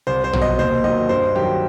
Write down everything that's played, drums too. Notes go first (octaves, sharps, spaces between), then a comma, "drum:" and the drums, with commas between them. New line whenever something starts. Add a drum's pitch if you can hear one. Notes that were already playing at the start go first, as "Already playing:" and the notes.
C2 C5
C5
B2 F#3, drum: tom A#1
D#5
D#2 C5
D#3 F#3 D#5
G2 C5
D#3 F#3 G4